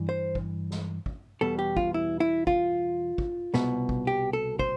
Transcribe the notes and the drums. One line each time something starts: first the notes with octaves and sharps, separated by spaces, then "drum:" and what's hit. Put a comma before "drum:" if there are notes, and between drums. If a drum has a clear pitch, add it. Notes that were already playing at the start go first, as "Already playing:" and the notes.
Already playing: G2 E3
C5
drum: kick
drum: snare
drum: kick
E2 B2 G3 B3 A4
G4
F4, drum: kick
E4
E4
F4, drum: kick
drum: kick
C2 B2 B3, drum: snare
drum: kick
G4
A4
C5, drum: kick